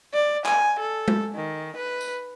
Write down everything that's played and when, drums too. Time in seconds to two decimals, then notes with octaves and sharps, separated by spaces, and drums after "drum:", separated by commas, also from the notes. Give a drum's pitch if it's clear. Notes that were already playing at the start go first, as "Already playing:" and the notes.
0.14 D5
0.46 G#5, drum: clap
0.80 A4
1.08 drum: tom G#3
1.35 D#3
1.76 B4
2.01 drum: tambourine